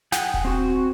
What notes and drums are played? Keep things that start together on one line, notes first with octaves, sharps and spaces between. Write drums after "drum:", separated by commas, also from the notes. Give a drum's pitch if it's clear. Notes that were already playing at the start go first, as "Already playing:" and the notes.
G#4 F#5 G5, drum: snare
drum: kick D#1
C4 F#4